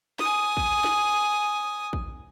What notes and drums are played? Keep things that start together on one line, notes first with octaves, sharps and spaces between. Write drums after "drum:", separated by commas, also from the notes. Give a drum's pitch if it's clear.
G#5 D#6, drum: snare
drum: kick
drum: snare
drum: kick